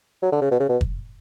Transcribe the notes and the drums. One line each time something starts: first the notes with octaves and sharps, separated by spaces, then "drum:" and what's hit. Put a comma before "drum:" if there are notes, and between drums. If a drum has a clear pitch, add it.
F#3
D3
C#3
B2
C#3
B2
drum: kick